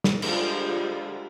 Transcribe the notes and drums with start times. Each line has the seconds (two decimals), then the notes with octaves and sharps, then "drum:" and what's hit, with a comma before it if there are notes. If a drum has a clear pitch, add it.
0.04 drum: snare
0.22 D3 F3 G3 G#3, drum: cymbal